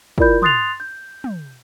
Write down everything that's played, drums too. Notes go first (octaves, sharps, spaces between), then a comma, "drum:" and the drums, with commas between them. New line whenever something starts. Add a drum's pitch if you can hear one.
E4 F4 A#4 D5 B5 G6, drum: kick
C6 D#6 F#6 A6 C7 F7, drum: tom
G6
drum: tom